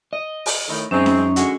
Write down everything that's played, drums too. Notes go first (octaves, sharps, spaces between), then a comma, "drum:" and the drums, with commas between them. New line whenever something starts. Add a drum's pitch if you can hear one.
D#5
drum: open hi-hat
A2 D#3
F#2 G#3 C4 C#4 D#4
drum: snare C#4
D3 G#3 F#4, drum: hi-hat